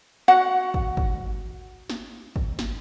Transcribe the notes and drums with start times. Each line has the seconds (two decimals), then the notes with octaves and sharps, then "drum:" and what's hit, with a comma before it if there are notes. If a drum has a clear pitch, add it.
0.28 F#4 F#5
0.74 drum: kick
0.97 drum: kick
1.90 drum: snare
2.36 drum: kick
2.59 drum: snare